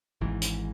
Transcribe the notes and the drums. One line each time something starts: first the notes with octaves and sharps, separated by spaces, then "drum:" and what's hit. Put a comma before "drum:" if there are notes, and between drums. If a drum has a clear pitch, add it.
G#1 G#2 E3
drum: hi-hat